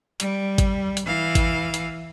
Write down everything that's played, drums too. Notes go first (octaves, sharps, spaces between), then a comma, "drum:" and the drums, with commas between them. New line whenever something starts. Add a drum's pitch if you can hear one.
G3, drum: hi-hat
drum: kick G#1, hi-hat
drum: hi-hat
E3 F5
drum: kick G#1, hi-hat
drum: hi-hat